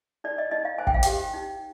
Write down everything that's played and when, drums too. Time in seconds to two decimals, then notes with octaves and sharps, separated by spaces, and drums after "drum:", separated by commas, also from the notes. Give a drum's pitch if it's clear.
0.24 D#4 D5
0.38 D#5
0.51 D#4 D#5
0.65 F5
0.78 C5 G#5
0.87 G5, drum: kick
0.94 F5
1.03 G4 G5, drum: hi-hat
1.34 D#4